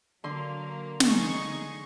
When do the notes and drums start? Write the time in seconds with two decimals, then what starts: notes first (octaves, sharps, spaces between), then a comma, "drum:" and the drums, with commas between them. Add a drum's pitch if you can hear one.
0.24 D3 F#3 A#3 C6
1.00 D#4 G#4 C#6, drum: snare